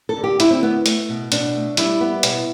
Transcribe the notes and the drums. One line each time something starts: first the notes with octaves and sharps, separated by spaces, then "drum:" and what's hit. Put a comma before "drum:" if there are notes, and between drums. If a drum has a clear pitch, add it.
A4
D3
G4
D3 E4, drum: hi-hat
C4
A3 B3
A3, drum: hi-hat
B2
B2 D4, drum: hi-hat
A3
G3 E4, drum: hi-hat
B3
B2, drum: hi-hat